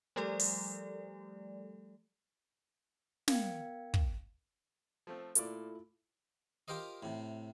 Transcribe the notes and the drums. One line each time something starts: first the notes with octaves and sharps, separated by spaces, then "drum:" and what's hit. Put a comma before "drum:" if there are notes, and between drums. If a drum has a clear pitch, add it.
F3 G3 A3 G4 A4 D5
drum: open hi-hat
B3 A#4 F5 G5 G#6 C#7, drum: snare
drum: kick
F3 A3 C4
A#2 A3 E4 F4 D5, drum: hi-hat
F4 G4 A#4 C5 D#5
A2 C3